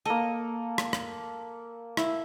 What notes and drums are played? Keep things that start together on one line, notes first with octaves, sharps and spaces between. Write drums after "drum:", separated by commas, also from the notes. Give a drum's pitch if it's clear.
A#3 A4 D#5
drum: rim click
drum: rim click
E4, drum: rim click